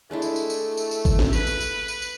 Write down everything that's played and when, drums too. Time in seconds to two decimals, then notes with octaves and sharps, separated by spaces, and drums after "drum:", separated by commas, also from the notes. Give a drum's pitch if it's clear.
0.11 G#3 A3 D4 E4 A4
0.22 drum: tambourine
0.36 drum: tambourine
0.50 drum: tambourine
0.77 drum: tambourine
0.91 drum: tambourine
1.05 drum: kick G#1, tambourine
1.19 drum: snare
1.33 B4, drum: tambourine
1.47 drum: tambourine
1.60 drum: tambourine
1.88 drum: tambourine
2.02 drum: tambourine